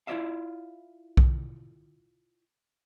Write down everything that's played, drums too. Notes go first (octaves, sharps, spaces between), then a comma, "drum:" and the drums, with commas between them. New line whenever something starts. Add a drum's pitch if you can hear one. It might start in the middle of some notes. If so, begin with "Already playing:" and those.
E4 F4 G4 D5 E5 F5
drum: kick B1